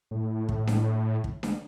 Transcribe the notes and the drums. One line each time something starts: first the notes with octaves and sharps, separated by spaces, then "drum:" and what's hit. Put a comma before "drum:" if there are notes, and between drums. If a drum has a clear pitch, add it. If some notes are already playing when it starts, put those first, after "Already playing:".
A2
drum: kick
drum: snare D4
drum: kick
drum: snare D4